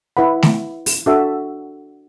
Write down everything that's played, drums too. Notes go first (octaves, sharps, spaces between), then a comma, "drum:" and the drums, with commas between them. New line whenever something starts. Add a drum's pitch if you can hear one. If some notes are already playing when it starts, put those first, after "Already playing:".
E4 B4 F#5 B5
drum: snare A3
drum: open hi-hat
D4 F#4 A4 E5